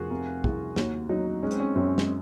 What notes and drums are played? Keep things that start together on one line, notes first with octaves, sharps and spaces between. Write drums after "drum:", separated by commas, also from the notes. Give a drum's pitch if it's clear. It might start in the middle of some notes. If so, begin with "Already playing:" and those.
Already playing: F1 F4 F#4 G#4 A#4
C3 A#4
C2 G#4, drum: kick
D#2 F#4, drum: snare
F#3 D#4
G#3 C#4
C4, drum: hi-hat
C#4
F#2 C4
G#3, drum: snare